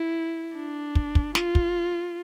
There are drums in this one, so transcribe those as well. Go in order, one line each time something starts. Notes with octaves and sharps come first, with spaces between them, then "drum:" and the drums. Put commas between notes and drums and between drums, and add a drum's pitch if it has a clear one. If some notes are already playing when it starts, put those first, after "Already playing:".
Already playing: E4
D4
drum: kick
drum: kick
F4, drum: snare
drum: kick